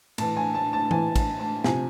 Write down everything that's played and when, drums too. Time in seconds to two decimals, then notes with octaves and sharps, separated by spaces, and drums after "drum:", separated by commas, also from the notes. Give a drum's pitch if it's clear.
0.18 A2 E3 A5, drum: cymbal
0.37 G#5
0.55 A5
0.73 A5
0.91 A2 E3 G#5, drum: tom E3
1.16 A5, drum: kick, cymbal
1.40 A5
1.64 C3 F3 G#5, drum: snare